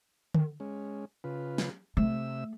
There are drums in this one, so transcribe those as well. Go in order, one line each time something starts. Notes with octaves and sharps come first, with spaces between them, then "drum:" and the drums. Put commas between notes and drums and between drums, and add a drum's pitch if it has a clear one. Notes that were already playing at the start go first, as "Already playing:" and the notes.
drum: tom D3
G#3 C#4
C#3 F4 B4
drum: snare
C3 A3 E5 E6